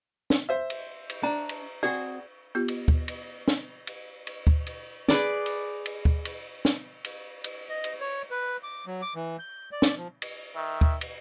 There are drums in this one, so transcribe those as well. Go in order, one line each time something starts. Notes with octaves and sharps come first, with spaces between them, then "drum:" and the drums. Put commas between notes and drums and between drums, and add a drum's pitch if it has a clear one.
drum: snare
C5 E5
drum: cymbal
drum: cymbal
D4 A#5
drum: cymbal
C4 F#4 G#4 D5
B3 F4 G4
drum: cymbal
drum: kick
drum: cymbal
drum: snare
drum: cymbal
drum: cymbal
drum: kick
drum: cymbal
G#4 B4 D5, drum: snare
drum: cymbal
drum: cymbal
drum: kick
drum: cymbal
drum: snare
drum: cymbal
drum: cymbal
D#5
drum: cymbal
C#5
B4
D6
F#3
D6
E3
G6
D5
drum: snare
F3
drum: cymbal
D#3 E5
drum: kick
drum: cymbal